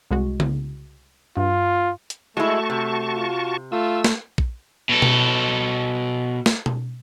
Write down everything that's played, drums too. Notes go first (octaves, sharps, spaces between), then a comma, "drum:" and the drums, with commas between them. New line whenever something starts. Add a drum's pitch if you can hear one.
C2 G#3 F#4
drum: tom C#3
G2 F4
drum: hi-hat
G#3 A3 E4 F#4 A5 C#6
C3
F4
A3 F4 E6
drum: snare
drum: kick
B2 A4
drum: tom B2
drum: snare
drum: tom B2